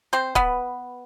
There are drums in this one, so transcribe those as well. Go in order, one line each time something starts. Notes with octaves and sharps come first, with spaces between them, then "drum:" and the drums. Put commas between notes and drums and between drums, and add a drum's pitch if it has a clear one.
C4 C5
B3 B4, drum: kick C#1